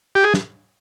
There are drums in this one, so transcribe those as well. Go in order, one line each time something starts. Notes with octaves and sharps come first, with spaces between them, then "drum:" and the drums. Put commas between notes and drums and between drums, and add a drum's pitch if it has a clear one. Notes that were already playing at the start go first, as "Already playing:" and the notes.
G4
G#4
drum: snare